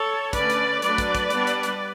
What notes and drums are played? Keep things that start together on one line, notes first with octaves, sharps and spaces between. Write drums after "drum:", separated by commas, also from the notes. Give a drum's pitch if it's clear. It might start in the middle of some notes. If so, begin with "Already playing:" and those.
Already playing: A4 C#5
D3 A3 C#4 B4 D5, drum: kick, hi-hat
drum: hi-hat
F#3 A3 D4 B4 D5, drum: hi-hat
drum: kick, hi-hat
drum: kick, hi-hat
G3 B3 D4, drum: hi-hat
drum: hi-hat
drum: hi-hat